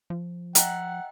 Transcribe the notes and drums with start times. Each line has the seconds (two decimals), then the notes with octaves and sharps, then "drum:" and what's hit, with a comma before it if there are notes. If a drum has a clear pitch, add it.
0.10 F3
0.55 D#5 E5 F#5 G5 A#5 F#6, drum: hi-hat